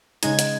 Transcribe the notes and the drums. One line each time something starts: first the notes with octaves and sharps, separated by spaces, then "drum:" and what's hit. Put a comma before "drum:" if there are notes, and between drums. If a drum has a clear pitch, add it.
C#3 G#3 D#4 G#6, drum: hi-hat
drum: hi-hat